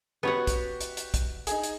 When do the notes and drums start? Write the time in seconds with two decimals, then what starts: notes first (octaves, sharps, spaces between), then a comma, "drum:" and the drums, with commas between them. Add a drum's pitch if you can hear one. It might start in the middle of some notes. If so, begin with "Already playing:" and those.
0.23 B3 F#4 G4 C#5 F#5
0.47 drum: kick, hi-hat
0.81 drum: hi-hat
0.97 drum: hi-hat
1.14 drum: kick, hi-hat
1.47 D#4 G#4, drum: hi-hat
1.64 drum: hi-hat